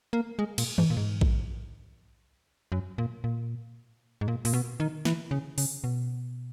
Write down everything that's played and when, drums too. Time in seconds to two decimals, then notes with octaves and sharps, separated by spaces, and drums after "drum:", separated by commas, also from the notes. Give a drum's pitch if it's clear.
0.13 A#3
0.39 G#3
0.58 A#2, drum: cymbal
0.78 G#2, drum: tom D#3
0.90 A#2
0.97 G#2
1.21 drum: kick A#1
2.72 F#2
2.98 A#2
3.24 A#2
4.21 G#2
4.28 A#2
4.45 A#2, drum: open hi-hat
4.53 B2
4.80 D#3
5.05 E3, drum: snare
5.31 C#3
5.58 C#3, drum: open hi-hat
5.84 B2